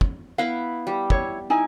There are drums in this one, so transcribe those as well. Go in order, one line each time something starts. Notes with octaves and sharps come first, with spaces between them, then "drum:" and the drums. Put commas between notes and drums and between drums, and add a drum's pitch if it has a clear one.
drum: kick
B3 E4 F5
G3
E4 C#5, drum: kick
D#4 E4 G#5